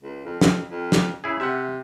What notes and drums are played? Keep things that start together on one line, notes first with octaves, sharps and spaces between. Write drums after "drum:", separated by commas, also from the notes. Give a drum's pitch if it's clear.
C#2
F2
F2, drum: snare
F2
drum: snare
C#3 E4 G#4
C3 E5 F#5